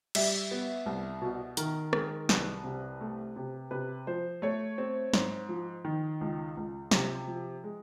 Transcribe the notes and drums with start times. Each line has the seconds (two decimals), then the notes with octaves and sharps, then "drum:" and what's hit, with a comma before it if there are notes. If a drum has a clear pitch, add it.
0.15 G3 E5, drum: cymbal
0.51 B3
0.86 C2
1.22 B2
1.57 D#3 A#4, drum: hi-hat
1.93 G#3 A#4, drum: rim click
2.29 C2 B4, drum: snare
2.64 C3
3.01 A3
3.36 C3
3.71 C3 B4
4.07 F3 C5
4.42 A3 C#5
4.78 C4
5.13 G#2, drum: snare
5.49 F3
5.85 D#3
6.21 C#2
6.57 C#2
6.91 C3, drum: snare
7.27 F3
7.64 G#3